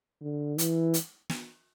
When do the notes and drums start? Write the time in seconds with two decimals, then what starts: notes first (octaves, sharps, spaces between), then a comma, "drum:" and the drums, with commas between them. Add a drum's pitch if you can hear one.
0.22 D3
0.58 E3, drum: hi-hat
0.94 drum: hi-hat
1.30 drum: snare